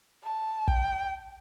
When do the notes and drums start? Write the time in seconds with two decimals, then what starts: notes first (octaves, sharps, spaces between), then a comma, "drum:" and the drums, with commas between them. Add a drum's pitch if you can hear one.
0.24 A5
0.68 G5, drum: kick